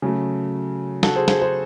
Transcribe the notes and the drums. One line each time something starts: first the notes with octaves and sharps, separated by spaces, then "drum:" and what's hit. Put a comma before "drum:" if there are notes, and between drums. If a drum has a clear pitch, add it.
C#3 F#3 A3
F#4 A4, drum: snare
G#4 C5
G#4 C5, drum: snare
G#4 C5